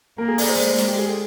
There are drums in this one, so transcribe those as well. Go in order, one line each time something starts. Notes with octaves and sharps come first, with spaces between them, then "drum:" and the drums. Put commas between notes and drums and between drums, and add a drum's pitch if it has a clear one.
A#3 A#4
G#4
D5, drum: open hi-hat
C5
G#3
drum: hi-hat
G4
G#4